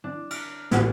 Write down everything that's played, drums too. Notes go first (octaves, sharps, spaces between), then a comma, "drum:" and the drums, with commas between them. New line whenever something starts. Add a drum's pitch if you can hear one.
D4
F6, drum: cymbal
A1, drum: snare